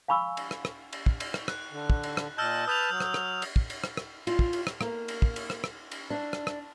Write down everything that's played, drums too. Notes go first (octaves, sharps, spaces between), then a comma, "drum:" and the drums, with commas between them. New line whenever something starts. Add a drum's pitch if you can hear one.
F5 G#5 B5 C#6 E6
drum: cymbal
drum: rim click
drum: rim click
drum: cymbal
drum: kick
drum: cymbal
drum: rim click
F#6, drum: rim click
D3
drum: kick
drum: cymbal
drum: rim click
A#2 D#5 A5 E6 F6 G6
B4 A5 D#6 G6 F7
F#3
drum: rim click
drum: rim click
drum: cymbal
drum: kick
drum: cymbal
drum: rim click
drum: rim click
F4, drum: cymbal
drum: kick
drum: cymbal
drum: rim click
A#3, drum: rim click
drum: cymbal
drum: kick
drum: cymbal
drum: rim click
drum: rim click
drum: cymbal
D4
drum: rim click
drum: rim click